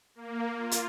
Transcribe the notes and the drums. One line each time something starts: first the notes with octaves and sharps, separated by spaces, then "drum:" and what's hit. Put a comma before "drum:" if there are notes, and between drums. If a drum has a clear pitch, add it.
A#3
F4
drum: hi-hat